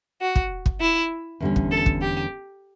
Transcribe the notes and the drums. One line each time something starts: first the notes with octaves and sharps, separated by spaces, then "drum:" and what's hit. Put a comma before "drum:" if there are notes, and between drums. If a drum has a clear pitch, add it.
F#4
drum: kick
drum: kick
E4
E2 D3 G3 C#4
drum: kick
A4
drum: kick
G4